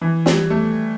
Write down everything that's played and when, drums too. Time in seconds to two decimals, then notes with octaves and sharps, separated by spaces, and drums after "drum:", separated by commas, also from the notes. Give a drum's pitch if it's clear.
0.02 E3
0.26 G3, drum: snare
0.50 A3